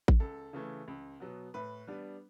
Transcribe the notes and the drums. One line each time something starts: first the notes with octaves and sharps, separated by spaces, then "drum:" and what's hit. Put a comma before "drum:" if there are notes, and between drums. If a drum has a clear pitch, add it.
drum: kick A1
C#2 A4
C#3 E3 A3
C#2
B2 F#3 B3
A2 B4
G3 B3 D4